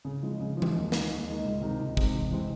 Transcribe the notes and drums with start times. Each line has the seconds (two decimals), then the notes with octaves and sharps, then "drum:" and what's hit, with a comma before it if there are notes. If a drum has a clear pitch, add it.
0.05 C#3
0.23 F3 G#3
0.40 C#3
0.57 F3
0.62 G#3, drum: tom E3
0.74 D#2
0.92 D#3 G#3, drum: snare
1.10 D#2
1.27 D#3 G#3
1.45 C#2
1.62 C3 D#3 G#3
1.80 C#2
1.97 C3 D#3 G#3, drum: kick
2.15 E2
2.32 C3 E3 G#3 C4